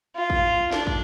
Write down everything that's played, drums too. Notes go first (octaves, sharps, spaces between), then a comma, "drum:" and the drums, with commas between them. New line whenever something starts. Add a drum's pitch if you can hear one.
F4
drum: kick
D4, drum: snare
drum: kick